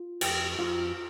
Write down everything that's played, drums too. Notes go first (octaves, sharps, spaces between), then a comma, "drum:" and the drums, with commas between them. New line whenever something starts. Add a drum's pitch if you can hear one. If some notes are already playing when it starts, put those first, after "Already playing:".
Already playing: F4
F2 G4 G5, drum: cymbal
F2 F4 F5